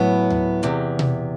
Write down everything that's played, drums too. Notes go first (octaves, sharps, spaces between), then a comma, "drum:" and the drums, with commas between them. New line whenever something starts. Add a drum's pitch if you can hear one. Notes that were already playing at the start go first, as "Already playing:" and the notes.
Already playing: A2 F#3 B3
drum: tom D2
E2 C3
drum: tom B2